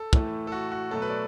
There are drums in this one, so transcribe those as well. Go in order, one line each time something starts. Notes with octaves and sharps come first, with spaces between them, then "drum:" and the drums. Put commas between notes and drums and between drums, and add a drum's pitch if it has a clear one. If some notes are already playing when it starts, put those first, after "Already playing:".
Already playing: A4
A2 E3 A3, drum: kick
A4
F#4
F#4
B2 F#3 A3 A4
B4
D5